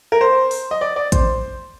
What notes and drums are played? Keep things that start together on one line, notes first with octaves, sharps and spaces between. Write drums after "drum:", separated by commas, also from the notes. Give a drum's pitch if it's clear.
A#4
C5
drum: open hi-hat
D#5
D5
D5
C5, drum: kick, hi-hat